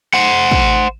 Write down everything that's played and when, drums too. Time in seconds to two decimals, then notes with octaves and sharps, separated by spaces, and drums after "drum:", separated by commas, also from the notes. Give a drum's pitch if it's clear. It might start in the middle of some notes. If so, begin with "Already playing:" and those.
0.14 C5 F#5
0.51 drum: kick